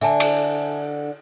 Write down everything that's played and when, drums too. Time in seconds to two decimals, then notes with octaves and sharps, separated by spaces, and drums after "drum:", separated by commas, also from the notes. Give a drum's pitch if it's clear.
0.01 D3 D4 E5 G#5 A5, drum: tambourine
0.20 drum: cymbal